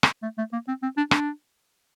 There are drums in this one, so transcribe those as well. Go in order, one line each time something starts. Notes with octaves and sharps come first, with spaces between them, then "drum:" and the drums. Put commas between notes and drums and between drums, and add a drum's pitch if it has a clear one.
drum: rim click
A3
A3
A#3
C4
C4
D4
D4, drum: rim click